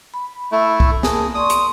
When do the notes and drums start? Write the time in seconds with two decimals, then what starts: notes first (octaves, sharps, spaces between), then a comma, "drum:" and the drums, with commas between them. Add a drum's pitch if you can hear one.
0.14 B5
0.52 A3 E4
0.80 drum: kick C2
1.03 A#3 G#4 A#4 A5, drum: snare
1.35 D5 C6 C#6 D#6
1.50 drum: hi-hat